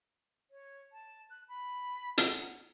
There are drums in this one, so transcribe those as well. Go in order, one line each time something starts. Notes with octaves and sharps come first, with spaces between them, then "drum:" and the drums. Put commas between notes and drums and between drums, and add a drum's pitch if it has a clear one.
C#5
A5
F#6
B5
F#5, drum: hi-hat